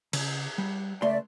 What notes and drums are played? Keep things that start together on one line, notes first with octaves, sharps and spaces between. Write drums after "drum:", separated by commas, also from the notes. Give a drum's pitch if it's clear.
C#3, drum: cymbal
G3
C#2 A3 D5 E5 C6